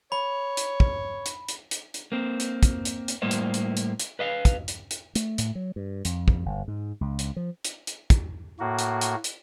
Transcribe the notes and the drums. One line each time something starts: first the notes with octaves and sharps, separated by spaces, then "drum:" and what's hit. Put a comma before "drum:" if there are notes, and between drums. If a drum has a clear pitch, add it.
C#5 B5
drum: hi-hat
drum: kick
drum: hi-hat
drum: hi-hat
drum: hi-hat
drum: hi-hat
A#3 C4
drum: hi-hat
drum: kick, hi-hat
drum: hi-hat
drum: hi-hat
A2 G3 A#3 C5 D#5
drum: hi-hat
drum: hi-hat
drum: hi-hat
drum: hi-hat
B4 D#5 F5
drum: kick, hi-hat
drum: hi-hat
drum: hi-hat
A3, drum: hi-hat
A2, drum: hi-hat
F#3
G2
F2, drum: hi-hat
drum: kick
G1
G#2
C#2
drum: hi-hat
F3
drum: hi-hat
drum: hi-hat
drum: kick, hi-hat
A2 A#3 F#4
drum: hi-hat
drum: hi-hat
drum: hi-hat